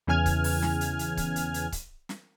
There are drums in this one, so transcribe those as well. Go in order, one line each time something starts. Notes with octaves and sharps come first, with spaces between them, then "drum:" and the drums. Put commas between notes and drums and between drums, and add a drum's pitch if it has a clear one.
E2 C#3 E3 G#5 F6 G#6
drum: kick C#1, hi-hat
drum: open hi-hat
drum: snare
drum: hi-hat
drum: hi-hat
drum: kick C#1, hi-hat
drum: hi-hat
drum: hi-hat
drum: kick C#1, hi-hat
drum: snare